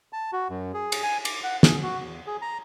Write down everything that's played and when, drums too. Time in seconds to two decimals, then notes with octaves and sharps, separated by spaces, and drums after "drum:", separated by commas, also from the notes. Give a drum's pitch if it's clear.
0.13 A5
0.33 F#4
0.50 F#2
0.74 G#4
0.92 drum: cymbal
1.03 G#5
1.25 D6, drum: cymbal
1.43 F#5
1.63 G#4, drum: snare
1.83 F#4
2.05 E2
2.27 G#4
2.42 A#5